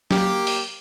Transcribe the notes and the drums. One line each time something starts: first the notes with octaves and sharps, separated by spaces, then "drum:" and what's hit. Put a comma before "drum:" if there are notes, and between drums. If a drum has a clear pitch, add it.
A#3 G4, drum: snare
drum: open hi-hat